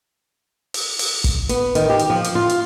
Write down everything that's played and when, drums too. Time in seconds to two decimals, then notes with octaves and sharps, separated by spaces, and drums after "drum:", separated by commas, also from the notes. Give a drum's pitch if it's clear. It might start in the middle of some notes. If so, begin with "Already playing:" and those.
0.74 drum: open hi-hat
0.99 drum: open hi-hat
1.24 drum: kick, hi-hat
1.49 B3, drum: hi-hat
1.75 D#3, drum: hi-hat
1.89 G4
1.99 drum: hi-hat
2.10 F3
2.24 drum: hi-hat
2.35 F4
2.49 drum: hi-hat